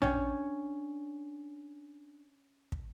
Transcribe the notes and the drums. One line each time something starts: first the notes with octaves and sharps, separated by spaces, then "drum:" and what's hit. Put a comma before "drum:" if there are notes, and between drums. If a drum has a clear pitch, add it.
C#4 D4 C#5 G5, drum: tom A#1
drum: kick